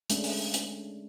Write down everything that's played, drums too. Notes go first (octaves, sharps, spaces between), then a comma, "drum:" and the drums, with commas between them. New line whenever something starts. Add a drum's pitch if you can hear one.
G#3 A3 C#4 D4, drum: hi-hat
drum: open hi-hat
drum: hi-hat